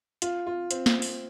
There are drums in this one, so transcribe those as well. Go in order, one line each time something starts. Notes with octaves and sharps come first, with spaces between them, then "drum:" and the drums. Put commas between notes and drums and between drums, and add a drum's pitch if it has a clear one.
F4, drum: hi-hat
F4
C4, drum: hi-hat
drum: snare A#3
drum: open hi-hat